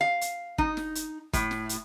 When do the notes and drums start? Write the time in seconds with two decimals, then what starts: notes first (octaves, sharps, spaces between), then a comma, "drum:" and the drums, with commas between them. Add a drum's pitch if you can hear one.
0.01 F5
0.21 drum: hi-hat
0.58 D#4, drum: kick F#1
0.77 drum: snare
0.95 drum: hi-hat
1.33 A2, drum: kick F#1, hi-hat
1.51 drum: snare
1.69 drum: hi-hat